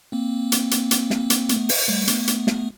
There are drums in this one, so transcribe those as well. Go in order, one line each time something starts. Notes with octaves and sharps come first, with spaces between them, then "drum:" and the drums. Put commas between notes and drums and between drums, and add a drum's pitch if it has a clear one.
A#3 C4
drum: hi-hat
drum: hi-hat
drum: hi-hat
drum: snare
drum: hi-hat
A3 B3, drum: hi-hat
drum: open hi-hat
G3 A3
A3 B3, drum: hi-hat
drum: hi-hat
drum: snare